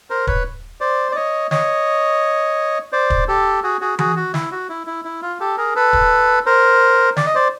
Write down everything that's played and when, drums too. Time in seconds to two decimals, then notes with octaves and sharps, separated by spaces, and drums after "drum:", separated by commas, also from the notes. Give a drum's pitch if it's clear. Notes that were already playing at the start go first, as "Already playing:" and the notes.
0.10 A#4 C5
0.27 B4 C#5, drum: kick
0.80 C5 D5
1.12 D5
1.16 C#5 D#5
1.51 C#5 D#5, drum: snare
2.92 C5 D5
3.10 drum: kick
3.28 G4 A4
3.63 F#4 G#4
3.81 F#4 G#4
3.99 F#4 G#4, drum: tom E3
4.16 F#4
4.34 E4, drum: snare
4.52 F#4
4.69 E4
4.87 E4
5.05 E4
5.22 F4
5.40 G4 A4
5.58 G#4 A#4
5.76 A4 B4
5.93 drum: kick
6.46 A#4 C5
7.16 D5, drum: snare
7.26 D#5
7.35 C5 D5